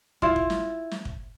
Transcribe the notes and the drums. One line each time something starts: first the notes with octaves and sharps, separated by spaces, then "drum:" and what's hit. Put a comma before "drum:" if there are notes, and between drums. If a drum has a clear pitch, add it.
E4 F4, drum: kick
drum: kick
drum: snare
drum: snare
drum: kick